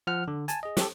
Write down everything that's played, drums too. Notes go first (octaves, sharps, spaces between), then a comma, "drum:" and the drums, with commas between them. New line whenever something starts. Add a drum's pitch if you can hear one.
F3 F#5 F6
D3
G#5 A5, drum: hi-hat
G#4 D#5
G4 A4, drum: snare